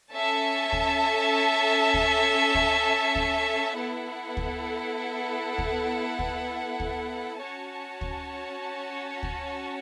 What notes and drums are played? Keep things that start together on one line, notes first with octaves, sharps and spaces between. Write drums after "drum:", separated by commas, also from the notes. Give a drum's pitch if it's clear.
C#4 A4 E5 A5
drum: kick
drum: kick
drum: kick
drum: kick
B3 E4 A4 F#5
drum: kick
drum: kick
drum: kick
drum: kick
C#4 F#4 C#5 A5
drum: kick
drum: kick